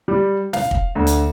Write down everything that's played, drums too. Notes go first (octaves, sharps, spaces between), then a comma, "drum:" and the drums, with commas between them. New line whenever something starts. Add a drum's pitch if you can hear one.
G3
F5, drum: snare
drum: kick
D2
drum: hi-hat